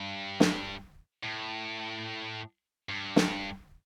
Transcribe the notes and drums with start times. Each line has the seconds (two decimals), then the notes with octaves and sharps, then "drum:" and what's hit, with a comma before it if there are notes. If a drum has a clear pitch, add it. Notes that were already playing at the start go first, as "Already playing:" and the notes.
Already playing: G2
0.40 drum: snare
1.23 A2
2.89 G2
3.16 drum: snare